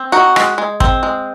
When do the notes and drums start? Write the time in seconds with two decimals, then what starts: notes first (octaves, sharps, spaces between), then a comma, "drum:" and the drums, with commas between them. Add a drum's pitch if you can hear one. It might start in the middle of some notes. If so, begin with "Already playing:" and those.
Already playing: C4
0.12 D#4 F#4
0.36 G#3, drum: rim click
0.58 G#3
0.80 C4, drum: kick
1.03 G#3